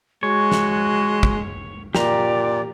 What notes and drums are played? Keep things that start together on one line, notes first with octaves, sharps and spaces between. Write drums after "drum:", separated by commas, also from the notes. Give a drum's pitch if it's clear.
G#3 F#4 C#5
drum: snare
drum: kick
A#2 G4 D5 A#5, drum: snare